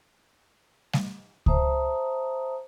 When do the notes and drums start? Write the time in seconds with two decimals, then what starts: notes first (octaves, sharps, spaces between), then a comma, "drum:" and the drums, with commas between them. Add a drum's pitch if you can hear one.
0.93 drum: snare G3
1.46 C5 E5 A5 A#5 D#6, drum: kick C#2